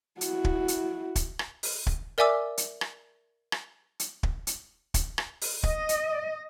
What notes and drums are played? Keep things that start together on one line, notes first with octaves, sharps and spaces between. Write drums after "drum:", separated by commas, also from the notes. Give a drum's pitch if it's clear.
E4 F#4, drum: hi-hat
drum: kick
drum: hi-hat
drum: kick, hi-hat
drum: rim click
drum: open hi-hat
drum: kick
A#4 D5 E5 G#5 D6 E6
drum: hi-hat
drum: rim click
drum: rim click
drum: hi-hat
drum: kick
drum: hi-hat
drum: kick, hi-hat
drum: rim click
drum: open hi-hat
D#5, drum: kick
drum: hi-hat